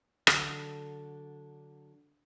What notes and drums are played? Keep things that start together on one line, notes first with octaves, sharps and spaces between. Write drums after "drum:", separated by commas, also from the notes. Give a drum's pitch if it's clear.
D3 F#3 D4 A4, drum: rim click